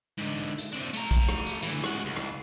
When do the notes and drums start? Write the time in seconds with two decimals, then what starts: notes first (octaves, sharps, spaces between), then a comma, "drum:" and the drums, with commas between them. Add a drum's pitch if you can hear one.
0.18 G#2 D3
0.58 drum: hi-hat
0.72 C4 D4
0.93 A3 A#5, drum: hi-hat
1.11 drum: kick, hi-hat
1.29 drum: rim click
1.46 drum: hi-hat
1.62 D2 E3, drum: hi-hat
1.84 C#2 F#5, drum: rim click
2.05 C#2
2.16 drum: rim click